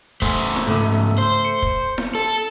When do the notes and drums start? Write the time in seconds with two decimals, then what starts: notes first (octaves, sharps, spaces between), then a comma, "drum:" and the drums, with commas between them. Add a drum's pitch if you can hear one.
0.22 A3 C5, drum: kick
0.56 drum: snare E4
0.67 C#2 G#2 A3 A4
1.18 C5
1.45 C#7
1.62 drum: kick
1.98 drum: snare E4
2.15 A4